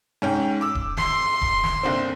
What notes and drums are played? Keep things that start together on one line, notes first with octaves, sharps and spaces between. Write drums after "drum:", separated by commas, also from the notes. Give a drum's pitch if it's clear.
G#2 C#4 G5
D6 E6
drum: kick D#1
C6, drum: snare
drum: kick D#1
drum: snare
F#1 D3 C4